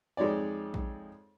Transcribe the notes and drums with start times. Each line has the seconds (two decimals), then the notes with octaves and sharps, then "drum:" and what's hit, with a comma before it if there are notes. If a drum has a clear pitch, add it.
0.17 F2 G#3 D#4 C#5 D5
0.74 drum: kick